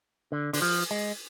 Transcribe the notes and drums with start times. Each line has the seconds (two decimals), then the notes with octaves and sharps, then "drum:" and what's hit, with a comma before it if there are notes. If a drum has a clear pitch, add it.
0.32 D3
0.53 D3, drum: open hi-hat
0.62 F3
0.91 G#3